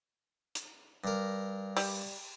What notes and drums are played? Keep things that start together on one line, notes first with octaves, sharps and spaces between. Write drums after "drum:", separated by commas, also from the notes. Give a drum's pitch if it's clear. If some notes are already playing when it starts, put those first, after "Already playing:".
drum: hi-hat
G2 A#4
G3, drum: open hi-hat